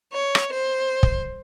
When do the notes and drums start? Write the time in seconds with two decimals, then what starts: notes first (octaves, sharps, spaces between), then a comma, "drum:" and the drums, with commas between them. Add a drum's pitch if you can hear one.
0.12 C#5
0.35 drum: rim click
0.52 C5
1.03 drum: kick